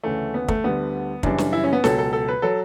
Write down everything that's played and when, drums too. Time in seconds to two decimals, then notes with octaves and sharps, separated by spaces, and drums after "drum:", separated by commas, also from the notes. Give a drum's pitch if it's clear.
0.03 D2 C#3 E3 A3
0.34 B3
0.48 A3, drum: kick
0.64 D2 D3 G3 B3
1.23 F#2 C#3 E3 G3 D4, drum: kick
1.38 drum: snare
1.53 E4
1.64 C#4
1.73 B3
1.84 C#2 B2 F#3 A4, drum: snare
1.98 A4
2.13 A4
2.28 B4
2.42 F#3 A4